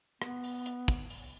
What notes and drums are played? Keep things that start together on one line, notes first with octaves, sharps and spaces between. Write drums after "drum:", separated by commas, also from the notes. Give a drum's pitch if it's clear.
B3, drum: rim click
drum: open hi-hat
drum: hi-hat
drum: kick, hi-hat
drum: open hi-hat